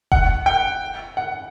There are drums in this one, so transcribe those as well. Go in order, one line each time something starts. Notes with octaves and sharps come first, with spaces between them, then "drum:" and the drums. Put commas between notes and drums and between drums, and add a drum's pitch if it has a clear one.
F#5, drum: kick F1
G5
F#5